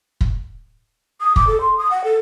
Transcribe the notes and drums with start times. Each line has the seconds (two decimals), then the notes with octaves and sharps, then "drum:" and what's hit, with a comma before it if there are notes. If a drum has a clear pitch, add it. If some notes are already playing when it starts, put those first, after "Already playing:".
0.21 drum: kick
1.21 D#6
1.36 D6, drum: kick
1.47 A4
1.61 C6
1.78 D#6
1.91 F#5
2.04 A4